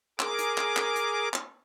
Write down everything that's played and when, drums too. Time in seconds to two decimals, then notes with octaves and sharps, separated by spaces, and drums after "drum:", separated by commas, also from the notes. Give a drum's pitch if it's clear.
0.20 G#4 A#4 D6, drum: clap
0.39 drum: hi-hat
0.58 drum: clap
0.77 drum: clap
0.96 drum: hi-hat
1.34 drum: clap